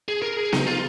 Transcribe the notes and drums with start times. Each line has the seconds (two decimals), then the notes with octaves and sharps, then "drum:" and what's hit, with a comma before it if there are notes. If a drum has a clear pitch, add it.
0.08 G#4
0.22 A#4
0.37 G#4
0.53 D#4, drum: snare B3
0.67 F4